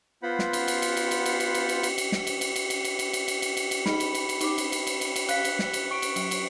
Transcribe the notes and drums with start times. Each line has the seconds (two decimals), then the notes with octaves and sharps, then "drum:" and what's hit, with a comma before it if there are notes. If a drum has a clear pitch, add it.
0.23 B3 F4 C5 F#5 B5
0.39 drum: snare
0.53 drum: cymbal
0.68 drum: cymbal
0.82 drum: cymbal
0.97 drum: cymbal
1.11 drum: cymbal
1.26 drum: cymbal
1.40 drum: cymbal
1.54 drum: cymbal
1.69 drum: cymbal
1.83 drum: cymbal
1.98 drum: cymbal
2.12 drum: snare
2.27 drum: cymbal
2.41 drum: cymbal
2.56 drum: cymbal
2.70 drum: cymbal
2.85 drum: cymbal
2.99 drum: cymbal
3.13 drum: cymbal
3.28 drum: cymbal
3.42 drum: cymbal
3.57 drum: cymbal
3.71 drum: cymbal
3.86 D#4 G#4 D#5 B5, drum: snare
4.00 drum: cymbal
4.15 drum: cymbal
4.29 drum: cymbal
4.41 D#4 G4 D6, drum: cymbal
4.58 drum: cymbal
4.72 drum: cymbal
4.87 drum: cymbal
5.01 drum: cymbal
5.16 drum: cymbal
5.29 F5 F#6 B6, drum: cymbal
5.45 drum: cymbal
5.59 drum: snare
5.73 drum: cymbal
5.91 C#6 D7
6.02 drum: cymbal
6.16 F#3, drum: cymbal
6.31 drum: cymbal